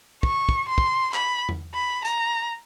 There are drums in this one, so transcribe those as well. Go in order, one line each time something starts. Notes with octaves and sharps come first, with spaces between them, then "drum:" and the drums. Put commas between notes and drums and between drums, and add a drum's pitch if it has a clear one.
C#6, drum: kick
drum: kick
C6
drum: kick
B5, drum: clap
drum: tom E2
B5
A#5, drum: hi-hat